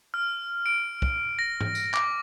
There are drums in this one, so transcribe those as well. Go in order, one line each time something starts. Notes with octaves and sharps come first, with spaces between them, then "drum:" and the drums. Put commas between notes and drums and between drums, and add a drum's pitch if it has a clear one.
F6
D7
drum: kick
A#6
drum: tom G#2
drum: tambourine
D6, drum: clap